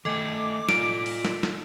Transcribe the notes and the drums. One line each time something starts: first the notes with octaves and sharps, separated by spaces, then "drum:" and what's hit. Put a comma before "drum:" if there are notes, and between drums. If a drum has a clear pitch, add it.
D#3 A3 A4 D#5 G5 G#5 D6
F4 D5 D7, drum: snare
drum: open hi-hat
drum: snare
drum: snare